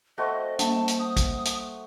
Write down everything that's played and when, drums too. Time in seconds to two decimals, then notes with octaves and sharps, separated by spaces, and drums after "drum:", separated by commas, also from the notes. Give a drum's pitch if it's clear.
0.18 A3 C4 F#4 D#5
0.59 G3 A#3 A5, drum: hi-hat
0.88 drum: hi-hat
0.99 D#6
1.17 drum: kick, hi-hat
1.45 drum: hi-hat